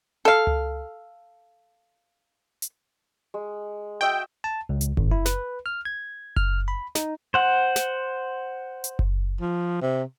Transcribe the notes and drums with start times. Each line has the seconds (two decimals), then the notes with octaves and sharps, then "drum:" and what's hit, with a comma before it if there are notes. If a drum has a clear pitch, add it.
0.25 A4 F5
0.47 drum: tom C#2
2.62 drum: hi-hat
3.34 G#3
4.01 F#4 D#5 E5 G5
4.44 A5
4.69 C#2
4.81 drum: hi-hat
4.97 G#1, drum: kick F#1
5.11 E4
5.26 B4, drum: snare
5.66 F6
5.85 G#6
6.36 F6, drum: kick F#1
6.68 B5
6.95 D#4, drum: snare
7.34 C5 F#5
7.76 drum: snare
8.84 drum: hi-hat
8.99 drum: kick F#1
9.41 F3
9.82 C3